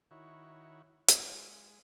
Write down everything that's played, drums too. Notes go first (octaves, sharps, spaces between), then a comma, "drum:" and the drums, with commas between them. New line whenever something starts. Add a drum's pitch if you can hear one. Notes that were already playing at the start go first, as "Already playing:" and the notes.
D#3 E4 F#4 C#5
G#3, drum: hi-hat